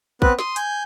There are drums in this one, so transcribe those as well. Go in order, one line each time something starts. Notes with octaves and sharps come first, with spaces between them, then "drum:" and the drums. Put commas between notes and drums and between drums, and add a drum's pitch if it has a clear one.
B3 C4 B4 F#6, drum: kick
C6 D#6, drum: snare
G#5 G6, drum: hi-hat